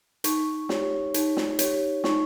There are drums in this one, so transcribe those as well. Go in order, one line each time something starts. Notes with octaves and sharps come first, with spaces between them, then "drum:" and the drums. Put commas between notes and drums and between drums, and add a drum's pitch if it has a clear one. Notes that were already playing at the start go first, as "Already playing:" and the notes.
D#4 C#6, drum: hi-hat
G4 C#5, drum: snare
D#4, drum: hi-hat
drum: snare
G4 C#5, drum: hi-hat
D#4 C#6, drum: snare